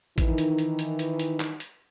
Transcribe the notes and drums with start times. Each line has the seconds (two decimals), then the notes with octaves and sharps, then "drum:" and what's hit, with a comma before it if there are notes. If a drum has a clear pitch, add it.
0.18 D#3 E3 D#4, drum: kick, hi-hat
0.38 drum: hi-hat
0.58 drum: hi-hat
0.79 drum: hi-hat
0.99 drum: hi-hat
1.19 drum: hi-hat
1.40 drum: clap
1.60 drum: hi-hat